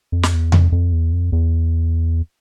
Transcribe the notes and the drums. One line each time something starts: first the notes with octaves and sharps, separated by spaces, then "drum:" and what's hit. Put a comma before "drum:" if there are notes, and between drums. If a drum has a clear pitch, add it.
F2
drum: snare
E2
F2, drum: tom E2
F2
E2
F2
E2